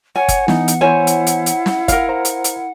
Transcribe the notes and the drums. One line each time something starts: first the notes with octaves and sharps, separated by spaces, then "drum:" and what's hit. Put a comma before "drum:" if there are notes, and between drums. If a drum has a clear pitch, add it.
C#5 F#5 G#5
drum: kick G1, hi-hat
E3 B3 D#4, drum: snare
drum: hi-hat
E4 C5 C#5 G#5
drum: hi-hat
drum: hi-hat
drum: hi-hat
drum: snare
A#4 F5, drum: kick G1, hi-hat
C5 A#5
drum: hi-hat
drum: hi-hat